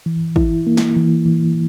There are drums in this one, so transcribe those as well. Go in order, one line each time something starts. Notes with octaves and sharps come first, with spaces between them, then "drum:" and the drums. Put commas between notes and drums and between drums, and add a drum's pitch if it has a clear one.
E3
E4, drum: kick
A#3
drum: snare
E3
E3